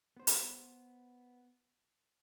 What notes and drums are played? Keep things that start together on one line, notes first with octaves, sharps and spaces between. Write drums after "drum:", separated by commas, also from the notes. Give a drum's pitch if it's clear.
B3 C5
drum: hi-hat